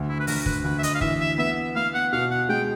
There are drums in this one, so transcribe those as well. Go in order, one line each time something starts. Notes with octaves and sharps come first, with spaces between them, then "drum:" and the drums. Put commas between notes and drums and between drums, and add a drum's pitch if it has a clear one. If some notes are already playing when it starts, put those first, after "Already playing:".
Already playing: D2
E4
B4
D2 A#4, drum: open hi-hat
B4, drum: kick
D2 B4
E5
D#5, drum: hi-hat
F5
E3 E5, drum: kick
E5
B3 E5
B3 F5
F#5
B2 F5
F#5
G#3 G5